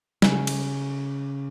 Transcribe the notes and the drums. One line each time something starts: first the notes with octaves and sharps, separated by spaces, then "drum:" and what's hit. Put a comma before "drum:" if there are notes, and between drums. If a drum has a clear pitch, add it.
C#3, drum: snare
drum: cymbal